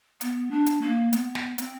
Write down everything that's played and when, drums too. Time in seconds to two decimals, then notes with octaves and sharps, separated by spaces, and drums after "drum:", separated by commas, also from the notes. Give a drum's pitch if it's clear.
0.21 B3, drum: hi-hat
0.51 D4
0.66 drum: hi-hat
0.81 A#3
1.13 B3, drum: hi-hat
1.35 drum: snare
1.58 C4, drum: hi-hat